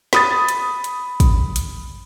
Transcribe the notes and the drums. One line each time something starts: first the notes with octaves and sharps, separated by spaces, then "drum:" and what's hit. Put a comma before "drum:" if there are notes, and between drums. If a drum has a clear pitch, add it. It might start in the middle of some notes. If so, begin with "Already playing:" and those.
B5 D#6 A6, drum: snare
drum: hi-hat
drum: hi-hat
drum: kick, hi-hat
drum: hi-hat